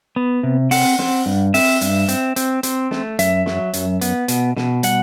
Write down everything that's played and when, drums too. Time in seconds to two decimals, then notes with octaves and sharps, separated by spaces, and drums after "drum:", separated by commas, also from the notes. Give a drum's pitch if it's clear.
0.16 B3
0.43 C3
0.71 C4 F#5, drum: open hi-hat
0.99 C4, drum: snare
1.26 G2
1.54 C4 E5, drum: open hi-hat
1.81 G2, drum: hi-hat
2.08 C4, drum: hi-hat
2.36 C4, drum: hi-hat
2.63 C4, drum: hi-hat
2.91 A3, drum: snare
3.19 F#2 E5, drum: hi-hat
3.46 F#3, drum: snare
3.73 F#2, drum: hi-hat
4.01 B3, drum: hi-hat
4.28 B2, drum: hi-hat
4.56 B2, drum: snare
4.83 G3 F#5, drum: hi-hat